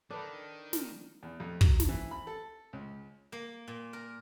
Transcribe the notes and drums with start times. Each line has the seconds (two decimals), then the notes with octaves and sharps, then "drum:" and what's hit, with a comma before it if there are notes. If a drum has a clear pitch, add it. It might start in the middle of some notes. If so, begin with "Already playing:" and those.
0.11 D#3 D4 A4 B4
0.73 drum: snare
1.23 E2
1.40 F2
1.61 F#3, drum: kick
1.80 drum: snare
1.89 E3
2.11 B5
2.27 A4
2.73 C#2
3.32 A#3
3.68 A#2
3.93 A#4